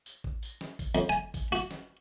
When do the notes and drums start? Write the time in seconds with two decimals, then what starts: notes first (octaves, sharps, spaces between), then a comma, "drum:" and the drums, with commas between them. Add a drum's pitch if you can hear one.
0.06 drum: tambourine
0.24 drum: kick A1
0.43 drum: tambourine
0.61 drum: snare
0.79 drum: kick A1, tambourine
0.95 F2, drum: tambourine
1.09 G#5
1.34 drum: kick A1, tambourine
1.52 F#4, drum: tambourine
1.71 drum: snare